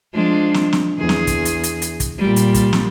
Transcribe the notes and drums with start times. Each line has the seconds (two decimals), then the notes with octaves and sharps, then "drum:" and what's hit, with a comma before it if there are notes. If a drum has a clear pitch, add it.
0.14 F3 G#3 D4
0.54 drum: snare
0.73 drum: snare
0.99 E2 G#4
1.09 drum: snare
1.27 drum: kick, hi-hat
1.45 drum: hi-hat
1.64 drum: hi-hat
1.82 drum: hi-hat
2.00 drum: kick, hi-hat
2.18 A#2 G3
2.36 drum: hi-hat
2.54 drum: kick, hi-hat
2.73 drum: snare